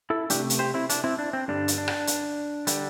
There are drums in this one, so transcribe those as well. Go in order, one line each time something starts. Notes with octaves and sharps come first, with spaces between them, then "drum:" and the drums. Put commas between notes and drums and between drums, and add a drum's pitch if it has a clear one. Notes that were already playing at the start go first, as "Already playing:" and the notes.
E4 A4
C3 E3 A3 D4 G4, drum: hi-hat
drum: hi-hat
G4 C5
C4 E4
D4, drum: hi-hat
C4 E4
D4
C4
G2 D3 G3 D4
drum: hi-hat
D4
drum: rim click
drum: hi-hat
D3 G3, drum: hi-hat